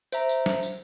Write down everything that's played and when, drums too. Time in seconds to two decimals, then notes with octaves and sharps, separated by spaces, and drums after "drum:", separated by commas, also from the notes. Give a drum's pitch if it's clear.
0.12 C5 E5 A#5, drum: tambourine
0.29 drum: tambourine
0.46 drum: snare
0.63 drum: tambourine